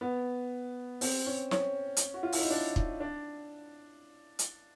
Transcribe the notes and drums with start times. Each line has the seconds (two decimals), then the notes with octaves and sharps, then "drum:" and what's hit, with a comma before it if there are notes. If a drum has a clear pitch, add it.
0.01 B3
1.01 C4, drum: open hi-hat
1.26 C#4
1.51 C#4, drum: snare
1.97 drum: hi-hat
2.14 F#4
2.23 F4
2.32 E4, drum: open hi-hat
2.42 D#4
2.50 D4
2.76 D#4, drum: kick
3.00 D4
4.39 drum: hi-hat